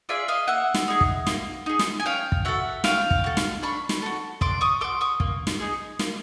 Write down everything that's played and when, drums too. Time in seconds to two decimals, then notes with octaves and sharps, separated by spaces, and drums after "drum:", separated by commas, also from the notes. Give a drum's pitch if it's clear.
0.09 F4 G#4 D5 E5
0.28 D#5 F5
0.48 A#3 E5 F#5
0.74 drum: snare
0.88 D#4 G#4
1.01 drum: kick
1.27 A#3, drum: snare
1.66 D#4 G#4
1.79 drum: snare
2.00 G#5
2.05 C#4 F5 G5
2.32 drum: kick
2.45 F#4 A4 E5 F#5
2.84 C#4 F5 G5, drum: snare
3.11 drum: kick
3.24 F#4 A4
3.37 drum: snare
3.62 D4 B5 C#6
3.89 drum: snare
4.02 F#4 A4
4.41 D4 C6 D6, drum: kick
4.61 C#6 D#6
4.81 F#4 A4 C6 D6
5.01 C#6 D#6
5.20 A#3, drum: kick
5.47 drum: snare
5.60 D#4 G#4
5.99 A#3, drum: snare